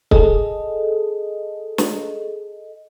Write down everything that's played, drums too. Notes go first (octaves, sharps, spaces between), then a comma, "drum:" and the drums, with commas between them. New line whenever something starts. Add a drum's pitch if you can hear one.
G#4 A4 D#5, drum: kick
drum: snare